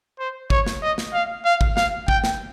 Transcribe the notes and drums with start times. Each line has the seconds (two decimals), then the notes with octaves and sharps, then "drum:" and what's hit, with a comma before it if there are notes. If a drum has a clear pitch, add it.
0.19 C5
0.50 C#5, drum: kick
0.66 drum: snare
0.82 D#5
0.98 drum: snare
1.14 F5
1.45 F5
1.61 drum: kick
1.77 F5, drum: snare
2.08 G5, drum: kick
2.24 drum: snare